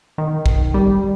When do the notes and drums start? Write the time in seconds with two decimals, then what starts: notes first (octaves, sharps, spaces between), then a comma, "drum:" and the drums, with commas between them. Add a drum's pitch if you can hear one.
0.18 D#3
0.46 drum: kick
0.74 G3